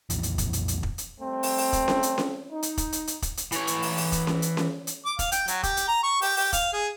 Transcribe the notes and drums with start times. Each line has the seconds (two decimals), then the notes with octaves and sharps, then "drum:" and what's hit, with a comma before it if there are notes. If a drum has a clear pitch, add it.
0.10 B1 F2 A#2 E3, drum: hi-hat
0.23 drum: hi-hat
0.38 drum: kick, hi-hat
0.53 drum: hi-hat
0.68 drum: hi-hat
0.83 drum: kick
0.98 drum: hi-hat
1.20 G3 A3 C4
1.43 drum: open hi-hat
1.58 drum: open hi-hat
1.73 drum: kick, hi-hat
1.88 drum: snare C#4
2.03 drum: hi-hat
2.18 drum: snare C#4
2.51 D#4
2.63 drum: hi-hat
2.78 drum: kick, hi-hat
2.92 drum: hi-hat
3.07 drum: hi-hat
3.22 drum: kick, hi-hat
3.37 drum: hi-hat
3.52 E3 C#5, drum: hi-hat
3.67 drum: hi-hat
3.82 drum: open hi-hat
3.97 drum: open hi-hat
4.12 drum: kick, hi-hat
4.27 drum: snare C#4
4.42 drum: hi-hat
4.57 drum: snare C#4
4.87 drum: hi-hat
5.05 D6
5.19 F5, drum: kick, hi-hat
5.32 G5, drum: hi-hat
5.48 F#3, drum: hi-hat
5.63 G4, drum: kick, hi-hat
5.77 drum: hi-hat
5.88 A#5
6.03 C#6
6.22 G4, drum: open hi-hat
6.37 G4, drum: open hi-hat
6.53 F5, drum: kick, hi-hat
6.73 G#4